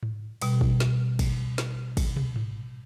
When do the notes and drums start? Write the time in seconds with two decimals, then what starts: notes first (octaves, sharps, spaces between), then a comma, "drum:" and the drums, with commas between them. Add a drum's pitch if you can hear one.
0.03 drum: tom G#2
0.42 B2 G3, drum: cymbal
0.61 drum: kick
0.80 drum: snare
1.19 drum: kick, cymbal
1.58 drum: snare
1.97 drum: kick, cymbal
2.16 drum: tom
2.36 drum: tom G#2